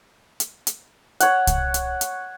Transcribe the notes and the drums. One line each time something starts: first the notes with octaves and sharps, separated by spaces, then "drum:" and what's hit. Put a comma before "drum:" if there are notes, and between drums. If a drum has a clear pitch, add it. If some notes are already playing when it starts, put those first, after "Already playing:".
drum: hi-hat
drum: hi-hat
C#5 F#5, drum: hi-hat
drum: kick C2, hi-hat
drum: hi-hat
drum: hi-hat